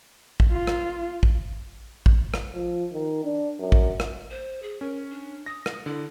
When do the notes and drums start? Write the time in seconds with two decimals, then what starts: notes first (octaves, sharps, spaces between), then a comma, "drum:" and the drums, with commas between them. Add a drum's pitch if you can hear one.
0.40 drum: kick
0.51 F4
0.67 drum: rim click
1.23 drum: kick
2.06 drum: kick
2.34 drum: rim click
2.55 F3
2.93 D#3
3.25 D4
3.59 F#2
3.72 drum: kick
4.00 drum: rim click
4.30 C5
4.63 G#4
4.81 C#4 A#4
5.11 D4
5.46 D#6 A#6
5.66 drum: rim click
5.86 D3 E4